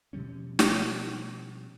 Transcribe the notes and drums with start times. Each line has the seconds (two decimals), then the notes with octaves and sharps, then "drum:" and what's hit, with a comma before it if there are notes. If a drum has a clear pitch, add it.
0.13 B2 F3 G3 C#4
0.59 drum: snare